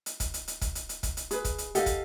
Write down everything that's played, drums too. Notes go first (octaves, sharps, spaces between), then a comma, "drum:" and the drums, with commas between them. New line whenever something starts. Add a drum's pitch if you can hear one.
drum: hi-hat
drum: kick, hi-hat
drum: hi-hat
drum: hi-hat
drum: kick, hi-hat
drum: hi-hat
drum: hi-hat
drum: kick, hi-hat
drum: hi-hat
G#4 B4, drum: hi-hat
drum: kick, hi-hat
drum: hi-hat
G4 A4 D#5 F5 F#5, drum: hi-hat
drum: kick, hi-hat